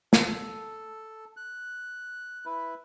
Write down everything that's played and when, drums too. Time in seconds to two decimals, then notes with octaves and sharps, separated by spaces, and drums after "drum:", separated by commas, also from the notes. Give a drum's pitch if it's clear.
0.13 A4, drum: snare
1.37 F#6
2.46 E4 B4